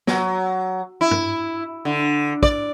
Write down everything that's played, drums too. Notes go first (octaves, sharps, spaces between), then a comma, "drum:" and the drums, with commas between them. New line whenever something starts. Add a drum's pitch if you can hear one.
F#3, drum: snare
E4
drum: tom G2
D3
D5, drum: kick